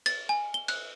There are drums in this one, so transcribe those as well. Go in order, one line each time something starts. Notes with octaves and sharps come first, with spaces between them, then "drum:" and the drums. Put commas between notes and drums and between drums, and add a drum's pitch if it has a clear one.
A6, drum: cymbal
G#5
G7
F#6, drum: cymbal